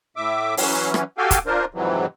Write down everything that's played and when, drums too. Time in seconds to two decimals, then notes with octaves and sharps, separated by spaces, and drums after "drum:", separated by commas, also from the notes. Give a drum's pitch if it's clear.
0.17 A2 E5 D6
0.57 E3 F#3 C#4, drum: open hi-hat
0.94 drum: rim click
1.18 F#4 G4 A4 F5 G5 G#5
1.31 drum: kick, hi-hat
1.46 D4 F4 A#4 C5
1.74 F2 G#2 C3 E3 F#3